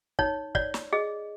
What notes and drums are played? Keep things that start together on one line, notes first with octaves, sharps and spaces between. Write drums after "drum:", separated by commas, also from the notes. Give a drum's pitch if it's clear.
D#4 C#5, drum: kick
C#5 D5, drum: kick
drum: snare
G#4 D#5